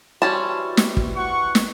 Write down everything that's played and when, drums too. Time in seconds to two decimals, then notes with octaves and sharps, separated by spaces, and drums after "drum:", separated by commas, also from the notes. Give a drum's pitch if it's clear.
0.22 E3 G3 C#4 F#4 C5 A5 C6
0.77 drum: snare
0.97 drum: kick
1.16 F#5 C#6
1.55 drum: snare